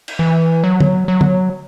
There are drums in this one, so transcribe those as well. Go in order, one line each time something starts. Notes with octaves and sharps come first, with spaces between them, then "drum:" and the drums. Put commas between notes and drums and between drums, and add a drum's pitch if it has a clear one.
drum: cymbal
E3
F#3
drum: tom
F#3
drum: tom